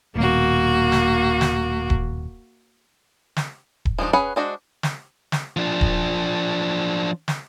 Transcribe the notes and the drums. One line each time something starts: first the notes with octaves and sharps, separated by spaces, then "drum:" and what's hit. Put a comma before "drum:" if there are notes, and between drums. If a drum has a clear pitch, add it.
D#1 B2 A#3 F#4
drum: snare
drum: snare
drum: kick D#1
drum: snare
drum: kick D#1
F3 G#3 D4 D#4
C#4 G#4 B4 F#5 B5
G#3 D4 F#4 C5
drum: snare
drum: snare
F3 D4
drum: kick D#1
drum: snare